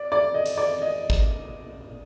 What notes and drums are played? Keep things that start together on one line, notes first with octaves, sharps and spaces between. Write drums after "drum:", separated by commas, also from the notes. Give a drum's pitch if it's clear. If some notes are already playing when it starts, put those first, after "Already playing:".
Already playing: D5
D5
D#5
drum: hi-hat
D5
D#5
drum: kick